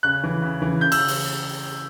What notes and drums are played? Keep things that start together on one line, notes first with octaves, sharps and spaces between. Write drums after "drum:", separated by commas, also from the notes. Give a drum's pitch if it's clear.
C#3 F#6
E3
C#3
E3
C#3 G6
E6, drum: cymbal
drum: open hi-hat